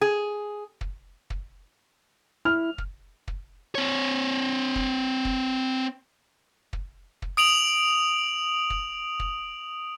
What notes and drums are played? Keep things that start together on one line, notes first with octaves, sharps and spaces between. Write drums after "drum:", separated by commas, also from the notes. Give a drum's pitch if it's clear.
G#4
drum: kick
drum: kick
E4 F6
drum: kick
drum: kick
C4 C#5
drum: kick
drum: kick
drum: kick
drum: kick
D#6 D7 F7 F#7
drum: kick
drum: kick